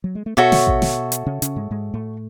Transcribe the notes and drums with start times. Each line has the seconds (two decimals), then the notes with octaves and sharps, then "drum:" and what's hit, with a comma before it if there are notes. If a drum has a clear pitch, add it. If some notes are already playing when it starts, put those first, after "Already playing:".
0.04 F#3
0.15 G#3
0.26 A3
0.37 B2 B3 F#4 A4 C#5 E5
0.52 drum: snare
0.67 drum: kick A1
0.82 drum: snare
1.12 drum: hi-hat
1.26 C#3 C#4
1.42 C#3 C#4, drum: hi-hat
1.56 G#2 G#3
1.71 G#2 G#3
1.94 A2 A3